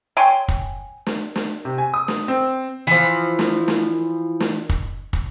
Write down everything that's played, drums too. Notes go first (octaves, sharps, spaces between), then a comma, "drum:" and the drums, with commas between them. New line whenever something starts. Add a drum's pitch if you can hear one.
C#5 G5 G#5 C6
drum: kick
drum: snare
drum: snare
C3
G#5
D#6
drum: snare
C4
E3 F3
drum: snare
drum: snare
drum: snare
drum: kick
drum: kick